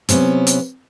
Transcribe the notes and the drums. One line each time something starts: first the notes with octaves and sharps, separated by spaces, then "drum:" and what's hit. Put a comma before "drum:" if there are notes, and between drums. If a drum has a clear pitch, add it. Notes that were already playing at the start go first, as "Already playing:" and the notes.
C3 F#3 B3 C#4 E4, drum: hi-hat
drum: hi-hat